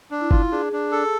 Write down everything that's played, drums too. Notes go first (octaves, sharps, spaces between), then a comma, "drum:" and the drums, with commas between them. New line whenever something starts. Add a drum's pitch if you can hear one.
D4
E4
F4, drum: kick
D4 G#4
D4
A4